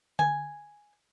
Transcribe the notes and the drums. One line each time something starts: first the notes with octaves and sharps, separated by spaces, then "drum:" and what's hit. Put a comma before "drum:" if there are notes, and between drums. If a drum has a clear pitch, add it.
G#5, drum: tom D3